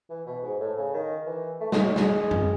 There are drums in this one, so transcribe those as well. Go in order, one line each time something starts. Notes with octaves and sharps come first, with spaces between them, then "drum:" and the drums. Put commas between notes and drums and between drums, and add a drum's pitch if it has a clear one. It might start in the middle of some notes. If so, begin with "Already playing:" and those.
E3
B2
G#2
A2
C#3
D#3
E3
A3
G#3, drum: snare
F#3
G#3, drum: snare
drum: tom F#2